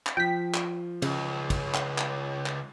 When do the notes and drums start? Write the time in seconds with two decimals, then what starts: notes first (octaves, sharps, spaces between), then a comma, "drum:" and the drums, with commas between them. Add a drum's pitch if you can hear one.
0.06 drum: clap
0.17 F3 G5 B6
0.54 drum: clap
1.02 C#2 C#3, drum: cymbal
1.50 drum: kick, cymbal
1.74 drum: clap
1.98 drum: clap
2.46 drum: clap